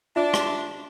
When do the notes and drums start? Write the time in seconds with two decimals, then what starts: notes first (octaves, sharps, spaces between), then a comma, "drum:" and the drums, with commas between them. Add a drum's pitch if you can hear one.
0.16 D4 F4 E5
0.34 drum: rim click